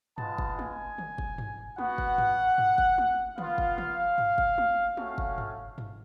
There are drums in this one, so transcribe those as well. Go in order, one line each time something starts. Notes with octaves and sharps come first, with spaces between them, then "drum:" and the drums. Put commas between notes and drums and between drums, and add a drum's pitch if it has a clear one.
G#3 B3 F4 A5, drum: tom G2
drum: kick
G#5, drum: tom
drum: tom D3
drum: kick
drum: tom G2
B3 F#4 F#5, drum: tom
drum: kick
drum: tom G2
drum: tom G2
drum: kick
drum: tom
B3 F4 F5, drum: tom D3
drum: kick
drum: tom D3
drum: tom G2
drum: kick
drum: tom
A3 C#4 F#4, drum: tom
drum: kick
drum: tom G2
drum: tom G2